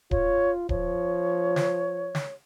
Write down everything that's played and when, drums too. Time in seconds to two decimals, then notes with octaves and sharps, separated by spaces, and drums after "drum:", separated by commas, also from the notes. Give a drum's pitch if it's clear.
0.11 F4 C#5, drum: kick D1
0.69 F3 C#5, drum: kick D1
1.56 drum: snare
2.15 drum: snare